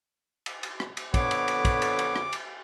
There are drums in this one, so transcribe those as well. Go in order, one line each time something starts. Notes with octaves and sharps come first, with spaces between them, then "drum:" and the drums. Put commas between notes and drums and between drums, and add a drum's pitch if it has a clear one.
drum: cymbal
drum: cymbal
drum: rim click
drum: cymbal
F2 D3 B3 C#5 D6, drum: kick, cymbal
drum: cymbal
drum: cymbal
drum: kick, cymbal
drum: cymbal
drum: cymbal
drum: rim click
drum: cymbal